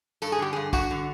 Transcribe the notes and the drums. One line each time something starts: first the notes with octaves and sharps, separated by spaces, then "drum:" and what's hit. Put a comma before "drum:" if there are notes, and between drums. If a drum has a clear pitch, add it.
G2 A4, drum: tambourine
G#4
D3 G4
G2 G#4
G2 F#4, drum: kick, tambourine
D3